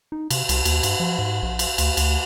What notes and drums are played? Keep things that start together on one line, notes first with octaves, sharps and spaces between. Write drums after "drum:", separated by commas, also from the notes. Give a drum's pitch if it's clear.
D#4
C3, drum: cymbal
C2, drum: cymbal
D#2, drum: cymbal
G2, drum: cymbal
F3
G#2
A#1
drum: cymbal
D2, drum: cymbal
D2, drum: cymbal